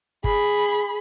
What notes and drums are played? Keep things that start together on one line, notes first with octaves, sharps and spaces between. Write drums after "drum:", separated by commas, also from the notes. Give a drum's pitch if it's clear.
G#4 B5, drum: kick G1